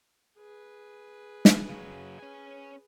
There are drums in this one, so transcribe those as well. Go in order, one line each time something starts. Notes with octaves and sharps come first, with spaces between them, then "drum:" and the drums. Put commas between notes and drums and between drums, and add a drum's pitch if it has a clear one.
G#4 B4
drum: snare
C#3 F#3
C#4 G#5